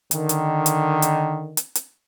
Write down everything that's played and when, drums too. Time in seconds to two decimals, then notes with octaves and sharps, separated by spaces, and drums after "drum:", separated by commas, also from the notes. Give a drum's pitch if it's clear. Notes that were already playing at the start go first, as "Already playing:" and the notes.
0.11 D3 D#3, drum: hi-hat
0.29 drum: hi-hat
0.66 drum: hi-hat
1.02 drum: hi-hat
1.57 drum: hi-hat
1.75 drum: hi-hat